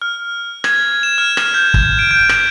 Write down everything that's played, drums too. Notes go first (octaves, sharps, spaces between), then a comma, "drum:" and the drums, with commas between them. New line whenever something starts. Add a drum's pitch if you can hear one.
F6
G#6, drum: rim click
E7
F6
drum: rim click
G6
drum: kick
D7
G6
drum: rim click